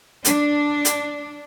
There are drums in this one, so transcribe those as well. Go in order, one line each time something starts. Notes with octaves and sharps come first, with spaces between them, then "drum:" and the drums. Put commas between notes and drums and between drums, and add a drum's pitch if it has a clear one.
D4, drum: hi-hat
drum: hi-hat